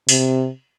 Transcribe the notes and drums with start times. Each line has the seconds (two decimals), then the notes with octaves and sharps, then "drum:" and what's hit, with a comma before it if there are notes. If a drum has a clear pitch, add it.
0.09 C3, drum: open hi-hat